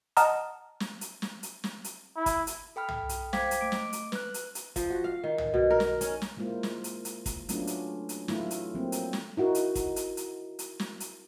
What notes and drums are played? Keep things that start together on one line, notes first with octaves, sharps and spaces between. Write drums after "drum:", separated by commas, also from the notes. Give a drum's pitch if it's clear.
D#5 F#5 A5 A#5 D#6 F6, drum: hi-hat
drum: snare
drum: hi-hat
drum: snare
drum: hi-hat
drum: snare
drum: hi-hat
E4
drum: kick, hi-hat
drum: hi-hat
A4 G5 B5 F6
drum: tom C2
drum: hi-hat
C5 F5 G5 D6 G#6 B6, drum: snare
drum: hi-hat
A3 D6 D7
drum: snare
drum: hi-hat
B4 F#6, drum: snare
drum: hi-hat
drum: hi-hat
F3, drum: kick, hi-hat
F#4
F5
D#3
drum: tom C2
B2
A#4
drum: snare
C#4, drum: hi-hat
drum: snare
G#3 A#3 E4 F4 C5
drum: snare
drum: hi-hat
drum: hi-hat
drum: kick, hi-hat
F#3 A3 B3 C#4 D4 F4, drum: hi-hat
drum: hi-hat
drum: hi-hat
F#3 A3 B3 E4 F4, drum: snare
drum: hi-hat
F3 F#3 A#3 C4
drum: hi-hat
drum: snare
D#4 E4 F#4 A#4
drum: hi-hat
drum: kick, hi-hat
drum: hi-hat
drum: hi-hat
drum: hi-hat
drum: snare
drum: hi-hat